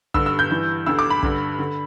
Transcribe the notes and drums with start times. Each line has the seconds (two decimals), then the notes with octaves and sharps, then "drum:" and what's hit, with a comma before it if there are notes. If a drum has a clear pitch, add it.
0.14 G2 D3 E6, drum: kick
0.26 E6
0.39 G6
0.51 G2 E3
0.86 D2 D3 E6
0.99 D6
1.10 B5
1.23 G2 D3, drum: kick
1.59 D3